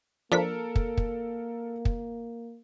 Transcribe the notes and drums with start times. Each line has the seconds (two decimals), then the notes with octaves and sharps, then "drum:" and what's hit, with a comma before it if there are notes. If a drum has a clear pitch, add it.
0.32 F3 A#3 D4 A4 A#4 B6
0.76 drum: kick
0.97 drum: kick
1.85 drum: kick